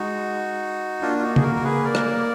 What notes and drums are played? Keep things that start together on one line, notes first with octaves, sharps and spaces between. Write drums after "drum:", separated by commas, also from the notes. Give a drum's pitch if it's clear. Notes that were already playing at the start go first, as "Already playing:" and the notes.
Already playing: G#3 D#4 F#4
A#3 D4 F4
F4
D#4 F#4
G#4, drum: tom C#3
F#4 A#4
A#4
G#4 B4
A#4 D5
drum: rim click